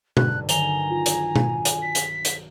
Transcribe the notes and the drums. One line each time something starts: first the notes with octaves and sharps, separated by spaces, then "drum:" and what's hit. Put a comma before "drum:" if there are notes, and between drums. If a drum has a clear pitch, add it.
B1 G2 D3 F#6, drum: tom B2
D#3 G#5 A#5 F7 G7, drum: hi-hat
F4
drum: hi-hat
drum: tom B2
drum: hi-hat
B6
drum: hi-hat
drum: hi-hat